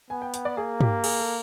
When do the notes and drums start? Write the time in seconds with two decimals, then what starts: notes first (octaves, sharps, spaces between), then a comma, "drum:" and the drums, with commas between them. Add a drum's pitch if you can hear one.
0.10 B3 G#5
0.22 G5
0.34 G5, drum: hi-hat
0.45 D5
0.57 A#3 G#4
0.80 G4, drum: tom
1.04 G#4, drum: cymbal
1.19 A4